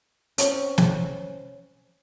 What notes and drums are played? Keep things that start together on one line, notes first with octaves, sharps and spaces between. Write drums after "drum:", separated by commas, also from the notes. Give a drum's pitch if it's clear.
C4 C#4, drum: hi-hat
drum: snare